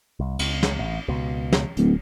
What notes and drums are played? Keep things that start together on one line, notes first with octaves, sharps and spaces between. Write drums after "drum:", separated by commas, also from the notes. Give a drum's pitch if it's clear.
C2
C#2, drum: cymbal
drum: snare
A1
C#2 B2
drum: snare
D1, drum: hi-hat